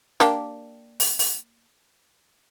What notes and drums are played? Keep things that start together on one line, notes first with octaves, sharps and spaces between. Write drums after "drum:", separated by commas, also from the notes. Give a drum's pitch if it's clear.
A#3 D4 G4, drum: snare
drum: open hi-hat
drum: open hi-hat